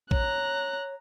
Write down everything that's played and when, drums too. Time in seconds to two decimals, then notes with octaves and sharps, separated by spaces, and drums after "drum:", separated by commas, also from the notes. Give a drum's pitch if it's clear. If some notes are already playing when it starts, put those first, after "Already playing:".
0.11 C#5 A#5 F#6, drum: kick A1